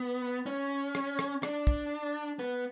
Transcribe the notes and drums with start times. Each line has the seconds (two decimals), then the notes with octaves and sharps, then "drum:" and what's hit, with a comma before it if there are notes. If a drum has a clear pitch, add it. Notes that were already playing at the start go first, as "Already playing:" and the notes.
Already playing: B3
0.46 C#4
0.95 drum: rim click
1.19 drum: rim click
1.43 D4, drum: rim click
1.67 drum: kick
2.39 B3